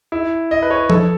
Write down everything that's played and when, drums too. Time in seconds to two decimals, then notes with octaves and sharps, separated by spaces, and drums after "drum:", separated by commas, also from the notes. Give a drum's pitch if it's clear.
0.12 E4
0.51 D#5
0.62 B4
0.70 C#5
0.90 A4, drum: tom F3